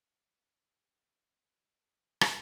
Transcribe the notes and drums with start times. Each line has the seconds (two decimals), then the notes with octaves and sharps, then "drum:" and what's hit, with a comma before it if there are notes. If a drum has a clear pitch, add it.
0.28 B4
1.07 A#4
1.47 B4
1.87 B4
2.21 drum: rim click